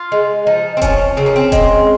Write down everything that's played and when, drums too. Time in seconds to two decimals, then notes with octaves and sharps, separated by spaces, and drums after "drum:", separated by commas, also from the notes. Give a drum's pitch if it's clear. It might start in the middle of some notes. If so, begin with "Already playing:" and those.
Already playing: F4
0.12 G#3
0.47 F3 D#4
0.77 C4
0.82 F3 C#4, drum: kick E1, hi-hat
1.17 C#3 C4
1.26 A#3
1.36 C4
1.52 G#3, drum: kick E1, hi-hat